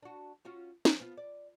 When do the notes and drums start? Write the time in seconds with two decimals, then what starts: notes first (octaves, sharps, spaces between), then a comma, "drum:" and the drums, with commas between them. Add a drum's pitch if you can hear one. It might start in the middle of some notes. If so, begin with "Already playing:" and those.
0.03 D4 F#4
0.45 C#4 F4 F#4
0.85 F3, drum: snare
1.00 B3 F4
1.17 D5